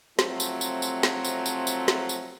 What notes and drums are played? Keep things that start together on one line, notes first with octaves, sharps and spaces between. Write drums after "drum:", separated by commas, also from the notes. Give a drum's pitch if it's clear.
C3 F3 F#3 A3 C4, drum: snare
drum: tambourine
drum: tambourine
drum: tambourine
drum: snare
drum: tambourine
drum: tambourine
drum: tambourine
drum: snare
drum: tambourine